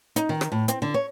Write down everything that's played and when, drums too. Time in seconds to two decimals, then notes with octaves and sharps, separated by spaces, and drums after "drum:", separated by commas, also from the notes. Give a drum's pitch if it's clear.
0.16 D#4, drum: hi-hat
0.29 D#3
0.41 drum: rim click
0.52 A2
0.68 C4, drum: hi-hat
0.82 D3
0.94 C#5